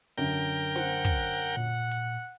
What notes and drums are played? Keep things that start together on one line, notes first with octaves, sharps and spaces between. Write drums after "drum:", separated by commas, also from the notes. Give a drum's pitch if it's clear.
F#2 D3 A#4 G5
C5 F#5, drum: snare
drum: kick, hi-hat
drum: hi-hat
A#2
drum: hi-hat